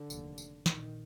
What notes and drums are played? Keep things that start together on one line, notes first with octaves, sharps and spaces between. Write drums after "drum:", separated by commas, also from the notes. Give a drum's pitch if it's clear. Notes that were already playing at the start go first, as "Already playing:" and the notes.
Already playing: D3
F1 D#2, drum: tambourine
drum: tambourine
A#1 A#2 D#3, drum: snare